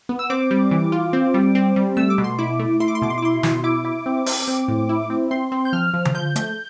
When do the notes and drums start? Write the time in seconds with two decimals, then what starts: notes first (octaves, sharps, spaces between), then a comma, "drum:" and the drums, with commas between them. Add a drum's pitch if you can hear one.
0.09 B3
0.19 E6
0.30 C4 D6
0.51 G3
0.71 E3
0.92 F4
1.13 C4
1.34 G3
1.55 C4
1.76 G3
1.97 A3 E6
2.10 D6
2.18 B2
2.24 C6
2.39 E4 D6
2.59 A3
2.80 E4 C6
2.88 D6
2.95 C6
3.02 B2 D6
3.10 C6
3.18 D6
3.22 E4 C6
3.43 B2, drum: snare
3.64 E4 D6
3.85 E4
4.06 C4
4.26 C4, drum: open hi-hat
4.48 C4
4.68 A2
4.89 E4
5.10 C4
5.31 C4 C6
5.52 C4
5.65 G6
5.73 F3 F6
5.94 F3
6.05 drum: tom D3
6.14 F3 G6
6.36 A3, drum: hi-hat